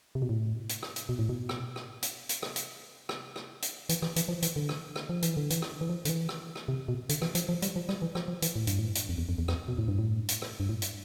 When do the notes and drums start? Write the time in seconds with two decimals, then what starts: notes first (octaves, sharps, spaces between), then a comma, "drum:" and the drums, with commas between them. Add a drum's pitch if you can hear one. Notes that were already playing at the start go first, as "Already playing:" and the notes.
0.15 C3
0.22 B2
0.29 A2
0.69 drum: hi-hat
0.83 drum: rim click
0.96 drum: hi-hat
1.09 B2
1.19 A2
1.29 B2
1.49 drum: rim click
1.76 drum: rim click
2.03 drum: hi-hat
2.29 drum: hi-hat
2.42 drum: rim click
2.56 drum: hi-hat
3.09 drum: rim click
3.36 drum: rim click
3.62 drum: hi-hat
3.89 E3, drum: hi-hat
4.02 E3, drum: rim click
4.16 E3, drum: hi-hat
4.28 F3
4.42 E3, drum: hi-hat
4.56 D3
4.69 drum: rim click
4.96 drum: rim click
5.09 F3
5.22 E3, drum: hi-hat
5.37 D3
5.50 E3, drum: hi-hat
5.62 drum: rim click
5.81 E3
5.89 F3
6.05 D3, drum: hi-hat
6.09 E3
6.29 drum: rim click
6.55 drum: rim click
6.68 C3
6.88 B2
7.09 D3, drum: hi-hat
7.22 E3, drum: rim click
7.35 F3, drum: hi-hat
7.49 F3
7.62 G3, drum: hi-hat
7.76 F3
7.89 G3, drum: rim click
8.02 E3
8.15 F3, drum: rim click
8.28 F3
8.42 E3, drum: hi-hat
8.56 A2
8.67 G2, drum: hi-hat
8.79 A2
8.95 drum: hi-hat
9.09 F2
9.18 E2
9.29 F2
9.38 E2
9.48 F2, drum: rim click
9.68 B2
9.78 A2
9.88 G2
9.99 A2
10.29 drum: hi-hat
10.42 drum: rim click
10.60 G2
10.69 A2
10.82 drum: hi-hat